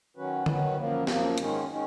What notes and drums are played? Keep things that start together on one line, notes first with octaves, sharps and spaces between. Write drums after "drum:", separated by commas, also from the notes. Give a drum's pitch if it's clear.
D#3 F#3 C#4 F#4 B4
D#3 F#3 C#4 F#4 B4, drum: tom D3
F#2 F3 A#3
F#2 F3 A#3, drum: snare
G#2 D#3 G#3 C#4, drum: hi-hat
D#3 G#3 C#4